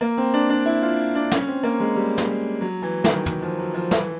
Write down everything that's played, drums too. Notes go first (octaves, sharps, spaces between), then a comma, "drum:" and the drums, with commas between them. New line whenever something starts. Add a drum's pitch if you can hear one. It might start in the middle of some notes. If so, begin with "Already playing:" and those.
A#3
C4
D4
D4
E4
F4
D4
C#4, drum: snare
C4
A#3
G#3
G3
drum: snare
F#3
E3
D#3, drum: snare
E3, drum: tom
F3
F#3
F3
E3, drum: snare